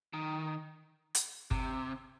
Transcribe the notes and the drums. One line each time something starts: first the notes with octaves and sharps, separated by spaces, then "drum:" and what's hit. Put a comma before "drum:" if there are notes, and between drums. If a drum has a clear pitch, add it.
D#3
drum: hi-hat
C3, drum: kick